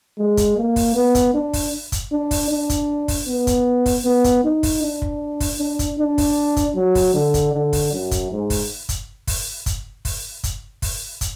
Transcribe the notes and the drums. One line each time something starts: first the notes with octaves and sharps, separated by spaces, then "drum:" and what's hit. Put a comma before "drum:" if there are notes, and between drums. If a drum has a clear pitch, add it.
G#3
drum: kick, hi-hat
A#3
drum: kick, open hi-hat
B3
drum: kick, hi-hat
D4
drum: kick, open hi-hat
drum: kick, hi-hat
D4
drum: kick, open hi-hat
D4
drum: kick, hi-hat
drum: kick, open hi-hat
B3
drum: kick, hi-hat
drum: kick, open hi-hat
B3
drum: kick, hi-hat
D#4
drum: kick, open hi-hat
D4
drum: kick
drum: kick, open hi-hat
D4
drum: kick, hi-hat
D4
drum: kick, open hi-hat
drum: kick, hi-hat
F#3
drum: kick, open hi-hat
D3
drum: kick, hi-hat
D3
drum: kick, open hi-hat
F#2
drum: kick, hi-hat
G#2
drum: kick, open hi-hat
drum: kick, hi-hat
drum: kick, open hi-hat
drum: kick, hi-hat
drum: kick, open hi-hat
drum: kick, hi-hat
drum: kick, open hi-hat
drum: kick, hi-hat